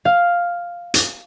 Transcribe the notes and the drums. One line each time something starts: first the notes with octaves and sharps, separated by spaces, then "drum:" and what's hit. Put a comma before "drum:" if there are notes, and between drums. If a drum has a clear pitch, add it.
F5
drum: hi-hat